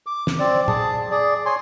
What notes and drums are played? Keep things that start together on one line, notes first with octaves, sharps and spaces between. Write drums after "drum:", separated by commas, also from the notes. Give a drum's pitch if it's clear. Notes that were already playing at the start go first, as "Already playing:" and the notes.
D6
drum: snare
C4 D5
G#4 A5, drum: tom
G#4 D5
C#5 G#5 C6